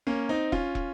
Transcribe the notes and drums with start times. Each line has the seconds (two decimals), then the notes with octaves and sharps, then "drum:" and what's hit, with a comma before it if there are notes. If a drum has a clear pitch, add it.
0.07 A#3 C#4
0.29 C4 D#4
0.52 C#4 F4, drum: kick
0.75 drum: kick